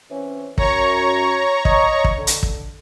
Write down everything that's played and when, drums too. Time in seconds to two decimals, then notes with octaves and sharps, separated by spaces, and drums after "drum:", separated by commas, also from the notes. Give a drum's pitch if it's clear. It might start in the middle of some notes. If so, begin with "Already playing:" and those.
0.11 E3 C4 C#4
0.58 F#2 C#5 A#5 C#6, drum: kick
1.65 D#5, drum: kick
2.04 drum: kick
2.18 D3
2.27 drum: hi-hat
2.43 drum: kick